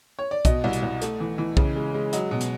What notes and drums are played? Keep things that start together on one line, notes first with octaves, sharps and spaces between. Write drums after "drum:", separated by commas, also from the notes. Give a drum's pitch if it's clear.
C#5
D5
B2 D#5, drum: kick B1, hi-hat
C2
drum: hi-hat
C2
A3, drum: hi-hat
E3
E3
C#3, drum: kick B1
G#3
G#3
F#3 D#5, drum: hi-hat
B2
drum: hi-hat